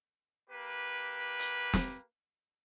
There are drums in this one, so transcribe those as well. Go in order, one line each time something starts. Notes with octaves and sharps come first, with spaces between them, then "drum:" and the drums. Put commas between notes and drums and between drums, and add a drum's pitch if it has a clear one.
A#3 G4 B4
drum: hi-hat
drum: snare